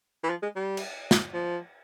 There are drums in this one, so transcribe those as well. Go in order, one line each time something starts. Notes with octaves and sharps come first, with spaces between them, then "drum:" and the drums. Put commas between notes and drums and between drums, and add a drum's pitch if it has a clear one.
E3
F3
G#3
G3
drum: cymbal
drum: snare
F3